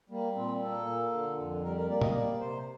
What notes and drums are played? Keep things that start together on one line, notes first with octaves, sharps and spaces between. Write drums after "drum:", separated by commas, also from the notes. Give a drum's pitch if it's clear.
G3 A#3
A#2 C4
A#3 A4
A#2
D3
F2
G3 A#4
A#4
A#3 D5
D#5, drum: tom A#2
G3 D5
C3 C5